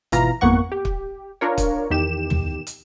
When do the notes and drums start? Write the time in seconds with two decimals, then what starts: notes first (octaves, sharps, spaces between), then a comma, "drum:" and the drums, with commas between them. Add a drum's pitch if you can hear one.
0.12 G#1 B2 E3 F4 A#5, drum: hi-hat
0.41 G#1 F2 A#3 B3 F#5 C#6
0.72 G4
0.85 drum: kick
1.41 D4 F4 A#4 C#5
1.58 drum: kick, hi-hat
1.90 E2 D#3 G4 E7
2.30 drum: tom
2.67 drum: hi-hat